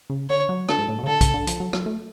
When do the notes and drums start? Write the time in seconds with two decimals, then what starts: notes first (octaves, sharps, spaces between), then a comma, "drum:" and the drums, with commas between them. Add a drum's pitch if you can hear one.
0.10 C#3
0.30 D3 C#5
0.49 F#3
0.69 D3 A4, drum: rim click
0.78 G#2
0.88 A2
0.98 B2
1.03 C#3
1.07 D3 A4
1.21 C#3, drum: kick, hi-hat
1.34 D3
1.47 F3, drum: hi-hat
1.60 F#3
1.73 F#3, drum: rim click
1.86 A3